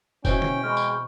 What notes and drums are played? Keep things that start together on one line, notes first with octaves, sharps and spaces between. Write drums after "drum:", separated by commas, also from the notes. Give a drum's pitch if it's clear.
B2 E3 C4 C#4 G5, drum: kick E1, tambourine
drum: tom
G#3 B5 C#6 F6
drum: tambourine